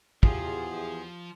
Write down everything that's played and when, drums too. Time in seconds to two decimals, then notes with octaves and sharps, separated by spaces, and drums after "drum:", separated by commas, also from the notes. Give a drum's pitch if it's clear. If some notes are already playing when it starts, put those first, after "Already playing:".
0.23 E2 F3 F4 G4 G#4, drum: kick